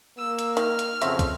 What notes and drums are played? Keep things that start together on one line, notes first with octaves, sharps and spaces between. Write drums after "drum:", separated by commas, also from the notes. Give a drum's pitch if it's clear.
A#3 E6
drum: hi-hat
D#3 F6, drum: hi-hat
drum: hi-hat
B1 F2 C#3 F#3 C4 E5, drum: hi-hat
drum: kick, hi-hat